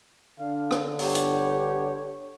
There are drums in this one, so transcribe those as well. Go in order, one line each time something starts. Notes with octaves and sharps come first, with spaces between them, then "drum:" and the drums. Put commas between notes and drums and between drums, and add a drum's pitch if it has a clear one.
D3 D4 F5
drum: rim click
G1 B3 G4 C#5 F#5, drum: open hi-hat
drum: hi-hat